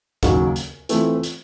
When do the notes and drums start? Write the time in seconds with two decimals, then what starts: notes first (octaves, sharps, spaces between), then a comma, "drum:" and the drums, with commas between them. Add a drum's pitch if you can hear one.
0.23 D#2 C#3 F#3, drum: kick G1, hi-hat
0.56 drum: hi-hat
0.89 E3 A3 C4 F4, drum: hi-hat
1.23 drum: hi-hat